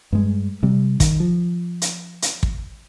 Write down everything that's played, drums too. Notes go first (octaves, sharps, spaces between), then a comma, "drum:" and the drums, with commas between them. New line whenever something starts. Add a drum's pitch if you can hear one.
G2 G#3
C3 G3
D#3, drum: kick, hi-hat
F3
drum: hi-hat
drum: hi-hat
drum: kick